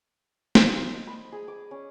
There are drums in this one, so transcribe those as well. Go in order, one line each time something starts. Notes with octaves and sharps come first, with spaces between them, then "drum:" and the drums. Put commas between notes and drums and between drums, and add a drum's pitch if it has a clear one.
D#5, drum: snare
C5
B5
G#4
D6
C#4